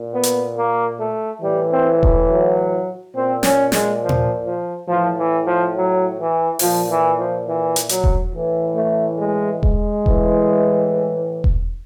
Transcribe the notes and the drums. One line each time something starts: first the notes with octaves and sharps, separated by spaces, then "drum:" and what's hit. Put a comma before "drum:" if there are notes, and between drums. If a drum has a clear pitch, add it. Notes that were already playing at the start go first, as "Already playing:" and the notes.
Already playing: A#2
B3
drum: hi-hat
A#3
A3
A2 E3 G3
C4
drum: kick E1
F#3
A#2 C4
C#4, drum: snare
G#3, drum: snare
F3
drum: tom A#2
F3
A2 E3 F3
E3
F3
F#3
E3
A#2 F3, drum: open hi-hat
E3
F3
E3
drum: hi-hat
F#3, drum: hi-hat
drum: kick E1
A2 E3
A3
G#3
G#3, drum: kick E1
A2 E3, drum: kick E1
drum: kick E1